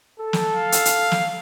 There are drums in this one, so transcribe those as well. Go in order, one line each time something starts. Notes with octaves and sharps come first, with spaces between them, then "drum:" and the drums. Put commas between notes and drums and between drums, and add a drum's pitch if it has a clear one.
A4
drum: snare
F5
drum: hi-hat
drum: hi-hat
drum: snare